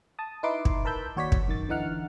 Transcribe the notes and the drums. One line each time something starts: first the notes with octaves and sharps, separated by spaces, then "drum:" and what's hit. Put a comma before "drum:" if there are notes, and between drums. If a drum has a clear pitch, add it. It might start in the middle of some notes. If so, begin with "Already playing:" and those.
A5 D#6
D#4 E4 B4 C6 D6
drum: kick
A#4 B4 A5 B5 E6 G6
D#2 F#4 C#5 D5 B6
drum: kick
F#2 D#3 A6
D3 E3 D#4 F#5 F6